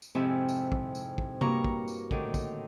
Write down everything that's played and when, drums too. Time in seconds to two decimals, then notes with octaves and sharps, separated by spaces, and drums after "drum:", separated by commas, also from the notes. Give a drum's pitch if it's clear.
0.02 drum: tambourine
0.15 F2 G#2 C3 F3 C4 E4
0.49 drum: tambourine
0.72 drum: kick
0.95 drum: tambourine
1.18 drum: kick
1.41 G2 A#3 F#4 A#5 C#6, drum: tom C3
1.64 drum: kick
1.88 drum: tambourine
2.11 A2 D3 D#3, drum: kick
2.34 drum: kick, tambourine